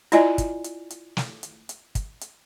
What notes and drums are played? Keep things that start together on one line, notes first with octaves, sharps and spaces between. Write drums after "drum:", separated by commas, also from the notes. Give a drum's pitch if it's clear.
E4 F4 D5 D#5 G#5, drum: hi-hat
drum: kick, hi-hat
drum: hi-hat
drum: hi-hat
drum: snare
drum: hi-hat
drum: hi-hat
drum: kick, hi-hat
drum: hi-hat